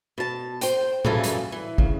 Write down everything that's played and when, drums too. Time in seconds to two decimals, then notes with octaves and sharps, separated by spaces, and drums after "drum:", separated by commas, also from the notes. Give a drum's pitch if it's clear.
0.18 B2 A5
0.61 C5 G5, drum: hi-hat
1.05 F#2 A#2 C#3 E3 A4 G#5, drum: tom A2
1.24 drum: hi-hat
1.52 E3
1.78 C#3, drum: kick